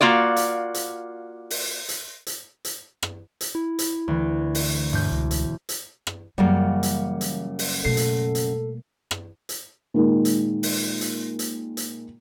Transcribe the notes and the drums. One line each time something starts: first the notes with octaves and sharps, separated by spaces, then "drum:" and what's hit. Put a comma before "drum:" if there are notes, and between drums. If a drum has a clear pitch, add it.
A#3 F4 F#4 D5
drum: hi-hat
drum: hi-hat
drum: open hi-hat
drum: hi-hat
drum: hi-hat
drum: hi-hat
drum: rim click
drum: hi-hat
E4
drum: hi-hat
D2 E3
drum: open hi-hat
E1 G2 G6
C#2
drum: hi-hat
drum: hi-hat
drum: rim click
F#2 C#3 E3 G3 A#3 F4
drum: hi-hat
drum: hi-hat
drum: open hi-hat
B2 A3 A4 C7
drum: hi-hat
drum: hi-hat
drum: rim click
drum: hi-hat
A#2 D#3 G#3
drum: hi-hat
drum: open hi-hat
drum: hi-hat
drum: hi-hat
drum: hi-hat